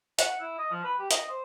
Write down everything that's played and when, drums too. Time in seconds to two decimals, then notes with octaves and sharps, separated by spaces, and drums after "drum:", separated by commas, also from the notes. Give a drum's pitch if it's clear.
0.19 F#5, drum: hi-hat
0.40 E4
0.59 D#5
0.71 F3
0.84 B4
0.99 G4
1.11 D#5, drum: hi-hat
1.29 C5